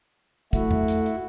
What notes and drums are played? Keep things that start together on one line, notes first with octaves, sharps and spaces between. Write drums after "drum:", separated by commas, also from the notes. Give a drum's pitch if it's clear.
A3 E4 F#4, drum: kick, hi-hat
drum: tom E2
drum: hi-hat
drum: hi-hat